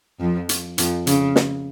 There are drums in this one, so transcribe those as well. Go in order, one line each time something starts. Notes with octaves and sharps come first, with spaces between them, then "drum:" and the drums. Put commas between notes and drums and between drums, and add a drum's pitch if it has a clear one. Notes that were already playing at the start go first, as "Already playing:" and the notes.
F2 F3
drum: hi-hat
F2 F3, drum: hi-hat
C#3, drum: hi-hat
drum: snare